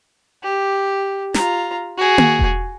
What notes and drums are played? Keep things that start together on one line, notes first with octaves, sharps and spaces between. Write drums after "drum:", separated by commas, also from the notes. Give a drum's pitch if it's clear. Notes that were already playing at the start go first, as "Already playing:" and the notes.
G4
F4 A#5, drum: snare
F#4 G#4
drum: tom A#3
drum: kick E1